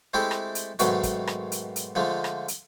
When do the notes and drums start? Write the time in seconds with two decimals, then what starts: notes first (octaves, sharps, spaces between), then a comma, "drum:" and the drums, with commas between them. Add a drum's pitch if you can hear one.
0.14 G#3 A3 C4 E4 G4 A4
0.31 drum: rim click
0.55 drum: hi-hat
0.79 G#2 B2 D#3 F#3 G#3 A3, drum: hi-hat
1.03 drum: kick, hi-hat
1.27 drum: rim click
1.52 drum: hi-hat
1.76 drum: hi-hat
1.95 D3 F3 G#3 A3
2.24 drum: rim click
2.48 drum: hi-hat